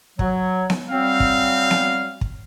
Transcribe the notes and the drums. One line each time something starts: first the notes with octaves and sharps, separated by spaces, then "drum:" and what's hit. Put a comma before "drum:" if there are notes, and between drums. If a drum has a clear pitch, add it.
F#3, drum: kick
drum: snare B3
F#3 G3 C4 F5
drum: kick
drum: snare B3
drum: kick